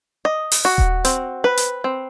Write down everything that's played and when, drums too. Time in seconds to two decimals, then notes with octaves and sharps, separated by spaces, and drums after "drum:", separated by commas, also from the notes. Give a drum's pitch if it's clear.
0.25 D#5
0.52 drum: open hi-hat
0.65 F#4
0.78 drum: kick D#1
1.05 C4, drum: hi-hat
1.44 B4
1.57 drum: hi-hat
1.84 C4